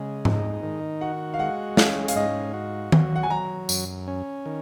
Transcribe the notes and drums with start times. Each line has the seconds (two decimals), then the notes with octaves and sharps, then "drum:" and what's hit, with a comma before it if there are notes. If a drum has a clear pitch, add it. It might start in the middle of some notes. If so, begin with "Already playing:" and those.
Already playing: C#3 G#3
0.25 D#4, drum: tom G#2
0.63 D#3
1.01 F#4 F#5
1.34 F5
1.39 G#3 F#5
1.77 C#4 F5, drum: snare
2.08 F5, drum: hi-hat
2.15 G#2 D#5
2.53 F#4
2.92 F#3, drum: tom D#3
3.16 F#5
3.23 G#5
3.30 F#3 A#5
3.69 F#2, drum: tambourine
4.08 C#4
4.46 D#3